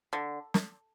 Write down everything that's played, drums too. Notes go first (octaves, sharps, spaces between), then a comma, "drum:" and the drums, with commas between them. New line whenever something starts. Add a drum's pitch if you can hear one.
D3
drum: snare